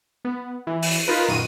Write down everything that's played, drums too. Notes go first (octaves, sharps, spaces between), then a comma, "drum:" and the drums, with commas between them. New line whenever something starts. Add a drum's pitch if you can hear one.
B3
E3
drum: open hi-hat
D#4 F4 A#4 B4
F#2 A#2 D#3 F#4 D#7